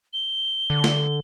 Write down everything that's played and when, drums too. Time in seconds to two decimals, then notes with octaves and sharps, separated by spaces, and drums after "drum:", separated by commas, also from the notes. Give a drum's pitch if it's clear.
0.13 G7
0.70 D3
0.84 drum: snare